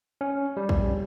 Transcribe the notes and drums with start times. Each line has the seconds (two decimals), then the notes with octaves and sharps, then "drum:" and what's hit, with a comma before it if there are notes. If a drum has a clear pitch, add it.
0.21 C#4
0.57 G3
0.69 drum: kick